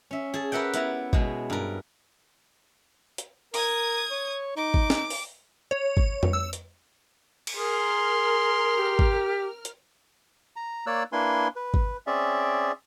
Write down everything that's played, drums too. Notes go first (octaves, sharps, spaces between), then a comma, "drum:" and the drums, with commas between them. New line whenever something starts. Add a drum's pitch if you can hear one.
C#4 E5
G#4 A5
G4 A#4 B4 E5 F#5 G5
B3 E4 A#5, drum: hi-hat
B2 G#3, drum: kick G#1
G2 A#4
drum: hi-hat
A#4 D#6 G#6, drum: open hi-hat
C#5
D#4 D6
drum: kick G#1
drum: snare
drum: open hi-hat
C#5
drum: kick G#1
drum: tom F2
E6
drum: hi-hat
drum: cymbal
G#4 A#4 C6 F6
G4
drum: kick G#1
drum: hi-hat
A#5
A#3 C#5 D5 E6 F#6
A#3 D4 E4 B4 G#5 C6
B4
drum: kick G#1
C4 C#4 G#4 D5 E5